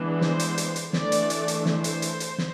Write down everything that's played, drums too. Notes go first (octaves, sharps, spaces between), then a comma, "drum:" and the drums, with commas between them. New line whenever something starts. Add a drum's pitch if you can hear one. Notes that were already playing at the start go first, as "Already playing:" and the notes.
Already playing: E3 G#3 B3 D4
C5, drum: snare
drum: hi-hat
drum: hi-hat
drum: hi-hat
E3 A3 D4 D5, drum: snare
drum: hi-hat
drum: hi-hat
drum: hi-hat
C5, drum: snare
drum: hi-hat
drum: hi-hat
drum: hi-hat
drum: snare